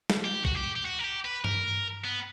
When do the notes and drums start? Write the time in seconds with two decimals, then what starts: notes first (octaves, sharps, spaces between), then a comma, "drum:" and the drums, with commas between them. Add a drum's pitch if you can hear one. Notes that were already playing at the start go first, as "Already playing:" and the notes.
0.10 drum: snare
0.25 G4
0.45 F#4, drum: kick A#1
0.55 G4
0.75 G4
0.85 F#4
0.99 A#4
1.04 G4
1.25 B4
1.44 A#4, drum: tom G2
2.04 B3